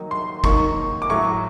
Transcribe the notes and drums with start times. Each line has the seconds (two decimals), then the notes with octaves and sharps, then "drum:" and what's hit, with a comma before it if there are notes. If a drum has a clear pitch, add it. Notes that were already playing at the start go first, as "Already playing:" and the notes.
Already playing: D#3 F#3 A#3 D#4
0.11 C6
0.44 D#3 F#3 A#3 D#4 C#6, drum: kick
1.02 D6
1.10 A2 F#3 A3 C#6